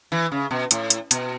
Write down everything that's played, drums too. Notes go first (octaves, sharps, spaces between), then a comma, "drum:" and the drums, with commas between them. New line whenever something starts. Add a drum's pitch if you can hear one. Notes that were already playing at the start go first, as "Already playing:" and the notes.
E3
C#3
B2
A2, drum: hi-hat
drum: hi-hat
B2, drum: hi-hat